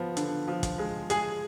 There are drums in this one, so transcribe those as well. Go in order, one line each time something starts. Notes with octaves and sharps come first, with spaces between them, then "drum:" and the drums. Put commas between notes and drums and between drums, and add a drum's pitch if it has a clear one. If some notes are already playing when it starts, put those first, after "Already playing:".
Already playing: F3 B3
D3, drum: hi-hat
F3
drum: kick, hi-hat
G#3
G#3 G#4, drum: hi-hat